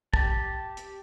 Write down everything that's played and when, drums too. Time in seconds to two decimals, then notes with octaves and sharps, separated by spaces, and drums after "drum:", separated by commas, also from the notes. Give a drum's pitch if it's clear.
0.13 G4 A5, drum: kick
0.77 drum: hi-hat